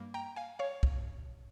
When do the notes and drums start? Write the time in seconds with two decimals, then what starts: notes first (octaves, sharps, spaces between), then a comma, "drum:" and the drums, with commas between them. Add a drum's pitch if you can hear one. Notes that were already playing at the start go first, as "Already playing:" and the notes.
Already playing: G2 G3 A#3
0.14 G5 A#5
0.36 F5 G#5
0.59 C#5 F5
0.83 drum: kick